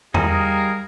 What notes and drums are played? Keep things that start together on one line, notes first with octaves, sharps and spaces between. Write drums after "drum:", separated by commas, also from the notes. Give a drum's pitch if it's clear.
G3 D#4 G#4 A#4 F5, drum: tom E2